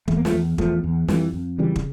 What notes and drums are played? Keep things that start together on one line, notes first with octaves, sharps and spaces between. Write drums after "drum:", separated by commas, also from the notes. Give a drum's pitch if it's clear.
E2 A3, drum: kick
A#3
F3 A3, drum: snare
E2
E2 F3 A3, drum: kick
E2
F2 E3 G3, drum: snare
F2
C#3 E3 G3
drum: kick